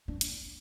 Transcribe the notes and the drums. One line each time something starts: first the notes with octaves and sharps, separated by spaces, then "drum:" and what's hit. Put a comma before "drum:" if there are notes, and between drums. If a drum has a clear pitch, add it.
D4
drum: hi-hat